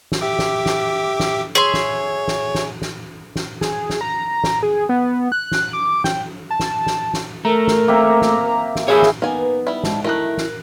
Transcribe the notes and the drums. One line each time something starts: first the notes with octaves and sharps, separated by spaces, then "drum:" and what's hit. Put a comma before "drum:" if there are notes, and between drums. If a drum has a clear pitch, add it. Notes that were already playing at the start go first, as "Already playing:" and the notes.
drum: snare
G4 E5 D6
drum: snare
drum: snare
drum: snare
G#4 C#5 E5 C6
drum: snare
drum: snare
drum: snare
drum: snare
drum: snare
G#4, drum: snare
drum: snare
A#5
drum: snare
G#4
B3
F#6
drum: snare
D6
G5, drum: snare
A5
drum: snare
drum: snare
drum: snare
A3 A#4 A#5
drum: snare
A#3 C4 E5
drum: snare
drum: snare
E3 E4 G4 G#4 C#5 E5 F5
drum: snare
A#3 B3 D#4 G#5
B4
G3 E4
G#2 A5, drum: snare
D#3 A3 E4 A#4 A#5 F#6
drum: snare